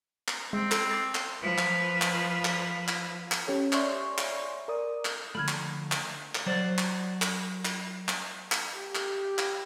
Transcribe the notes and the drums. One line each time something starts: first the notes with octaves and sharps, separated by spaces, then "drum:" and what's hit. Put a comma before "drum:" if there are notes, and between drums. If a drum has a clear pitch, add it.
drum: clap
G#3 C4
A4, drum: clap
D6 A6
drum: clap
F3 B4
drum: clap
drum: clap
drum: clap
drum: clap
drum: clap
C#4 G4 A4 C#5
C#5 D5 E5 G#5 C6 C#6, drum: clap
drum: clap
A#4 D5 D#6
drum: clap
D3 F3 A3 B5 F6 G#6
drum: clap
drum: clap
drum: clap
F#3 C5 D5
drum: clap
drum: clap
drum: clap
drum: clap
drum: clap
G4
drum: clap
drum: clap